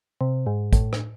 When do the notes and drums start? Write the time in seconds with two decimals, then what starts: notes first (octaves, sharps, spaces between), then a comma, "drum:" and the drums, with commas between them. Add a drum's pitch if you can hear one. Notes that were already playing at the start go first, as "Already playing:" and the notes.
0.21 C3
0.46 G#2
0.73 A2, drum: kick, hi-hat
0.93 drum: rim click